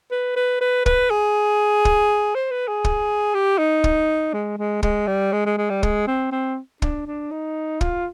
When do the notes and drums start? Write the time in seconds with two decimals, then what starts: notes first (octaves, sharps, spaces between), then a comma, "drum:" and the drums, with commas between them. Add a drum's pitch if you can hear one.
0.11 B4
0.36 B4
0.61 B4
0.86 B4, drum: kick
1.11 G#4
1.85 drum: kick
2.35 C5
2.51 B4
2.68 G#4
2.84 drum: kick
3.35 G4
3.58 D#4
3.84 drum: kick
4.34 G#3
4.58 G#3
4.83 G#3, drum: kick
5.08 G3
5.33 G#3
5.46 G#3
5.58 G#3
5.70 G3
5.83 G#3, drum: kick
6.07 C4
6.32 C4
6.82 D4, drum: kick
7.07 D4
7.32 D#4
7.81 F4, drum: kick